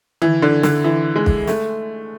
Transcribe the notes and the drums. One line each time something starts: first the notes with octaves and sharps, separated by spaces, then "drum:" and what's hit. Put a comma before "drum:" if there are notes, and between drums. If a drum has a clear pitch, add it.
E3, drum: tom D3
D3
D3, drum: snare
E3
G#3
drum: kick
A3, drum: snare